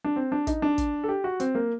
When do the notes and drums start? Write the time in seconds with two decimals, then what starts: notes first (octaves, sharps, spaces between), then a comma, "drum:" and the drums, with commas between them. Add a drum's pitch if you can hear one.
0.04 D4
0.16 C4
0.32 D4
0.47 D#4, drum: kick, hi-hat
0.62 D4
0.78 drum: kick, hi-hat
1.04 A4
1.08 G4
1.24 F#4
1.40 C4, drum: hi-hat
1.55 A#3